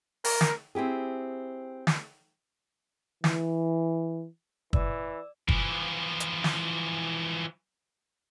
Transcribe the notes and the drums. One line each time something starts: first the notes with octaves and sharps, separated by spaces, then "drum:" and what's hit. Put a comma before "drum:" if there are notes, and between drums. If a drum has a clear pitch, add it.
A#4, drum: open hi-hat
drum: snare
C4 E4 G4 G#4
drum: snare
E3, drum: snare
E3 D5 E6, drum: kick
E3 F3, drum: kick
drum: hi-hat
drum: snare